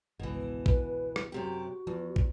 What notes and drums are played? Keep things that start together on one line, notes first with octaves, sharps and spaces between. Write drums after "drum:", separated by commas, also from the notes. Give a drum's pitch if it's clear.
G#1 C#2 B2 E3
B4, drum: kick
drum: rim click
F#2 C3 F#4 G4
E2 F3
drum: kick